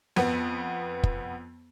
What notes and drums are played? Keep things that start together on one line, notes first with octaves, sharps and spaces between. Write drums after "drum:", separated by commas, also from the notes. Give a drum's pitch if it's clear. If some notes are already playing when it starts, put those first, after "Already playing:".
F2 B3, drum: snare B3
drum: kick